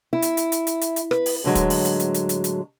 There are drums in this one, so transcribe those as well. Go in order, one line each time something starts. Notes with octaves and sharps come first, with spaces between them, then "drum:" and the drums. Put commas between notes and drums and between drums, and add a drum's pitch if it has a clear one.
E4
drum: hi-hat
drum: hi-hat
drum: hi-hat
drum: hi-hat
drum: hi-hat
drum: hi-hat
B4, drum: rim click
drum: open hi-hat
A2 D3 F#3 G#3
drum: kick, hi-hat
drum: open hi-hat
drum: hi-hat
drum: hi-hat
drum: hi-hat
drum: hi-hat
drum: hi-hat